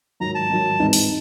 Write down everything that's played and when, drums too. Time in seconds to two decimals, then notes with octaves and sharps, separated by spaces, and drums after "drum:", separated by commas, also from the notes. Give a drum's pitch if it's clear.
0.20 G#2 D#3 F#3 A#5
0.35 A5
0.50 G#2 D#3 F#3
0.79 G#2 E3 G#3 C4 D#4
0.93 drum: open hi-hat